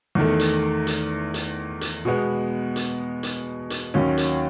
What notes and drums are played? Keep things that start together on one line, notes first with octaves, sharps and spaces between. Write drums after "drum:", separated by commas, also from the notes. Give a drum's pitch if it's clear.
E2 D#3 A3
drum: hi-hat
drum: hi-hat
drum: hi-hat
drum: hi-hat
B2 G#3 B3
drum: hi-hat
drum: hi-hat
drum: hi-hat
D#2 D#3 F#3 C#4
drum: hi-hat